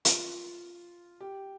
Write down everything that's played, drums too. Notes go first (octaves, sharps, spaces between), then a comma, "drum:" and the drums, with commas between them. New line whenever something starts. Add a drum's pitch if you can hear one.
F4, drum: hi-hat
G4